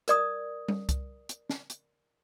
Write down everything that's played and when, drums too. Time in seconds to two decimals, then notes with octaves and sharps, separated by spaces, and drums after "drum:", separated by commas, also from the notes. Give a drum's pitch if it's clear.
0.08 A#4 D5 D#6, drum: hi-hat
0.68 drum: tom G3
0.89 drum: kick C2, hi-hat
1.29 drum: hi-hat
1.50 drum: snare
1.70 drum: hi-hat